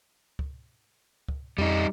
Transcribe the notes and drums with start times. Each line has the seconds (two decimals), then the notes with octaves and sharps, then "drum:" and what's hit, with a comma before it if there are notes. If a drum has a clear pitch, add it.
0.39 drum: kick C#2
1.28 drum: kick C#2
1.58 F2 G3 D#4